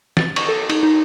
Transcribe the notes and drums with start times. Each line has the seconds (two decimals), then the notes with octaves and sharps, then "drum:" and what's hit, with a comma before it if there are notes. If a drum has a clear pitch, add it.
0.17 A6, drum: snare
0.36 C#6, drum: cymbal
0.49 A4
0.70 D#4, drum: cymbal
0.83 D#4